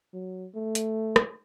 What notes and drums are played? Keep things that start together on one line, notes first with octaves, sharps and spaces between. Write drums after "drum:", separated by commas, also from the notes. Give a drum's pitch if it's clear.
F#3
A3
drum: hi-hat
drum: rim click